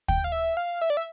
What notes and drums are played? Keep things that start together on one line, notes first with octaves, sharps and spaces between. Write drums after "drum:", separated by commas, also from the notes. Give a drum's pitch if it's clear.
G5, drum: kick
F5
E5
F5
E5
D5
E5